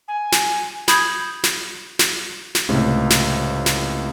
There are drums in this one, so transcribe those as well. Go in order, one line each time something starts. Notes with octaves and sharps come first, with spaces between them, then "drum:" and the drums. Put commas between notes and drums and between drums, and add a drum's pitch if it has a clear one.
G#5
drum: snare
B5 D#6 G6 G#6, drum: snare
drum: snare
drum: snare
drum: snare
C#2 A2 C3
drum: snare
drum: snare